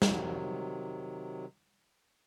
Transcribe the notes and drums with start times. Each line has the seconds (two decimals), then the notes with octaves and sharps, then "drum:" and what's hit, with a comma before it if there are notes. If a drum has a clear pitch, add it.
0.02 C3 D#3 F#3, drum: snare